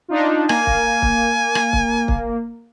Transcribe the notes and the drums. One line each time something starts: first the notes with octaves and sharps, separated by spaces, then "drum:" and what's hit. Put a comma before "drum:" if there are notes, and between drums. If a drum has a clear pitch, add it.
D4 D#4 F4
A#3 G#5, drum: rim click
drum: kick
drum: kick
drum: rim click
drum: kick
drum: kick